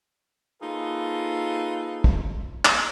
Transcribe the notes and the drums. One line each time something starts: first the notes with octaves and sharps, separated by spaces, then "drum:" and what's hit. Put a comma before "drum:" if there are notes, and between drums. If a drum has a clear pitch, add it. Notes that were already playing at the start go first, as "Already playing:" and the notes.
A#3 D#4 F4 G#4 A4 B4
drum: kick
drum: clap